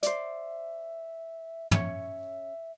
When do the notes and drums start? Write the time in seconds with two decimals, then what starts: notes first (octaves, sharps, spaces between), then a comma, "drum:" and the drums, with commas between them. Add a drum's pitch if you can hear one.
0.03 C5 D5 E5, drum: hi-hat
1.71 C#4 C#5 E5, drum: tom